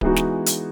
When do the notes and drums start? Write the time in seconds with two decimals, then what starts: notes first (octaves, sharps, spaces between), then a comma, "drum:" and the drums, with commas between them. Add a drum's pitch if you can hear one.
0.01 E3 G#3 B3 D#4 F#4, drum: kick D1
0.16 drum: snare
0.46 drum: hi-hat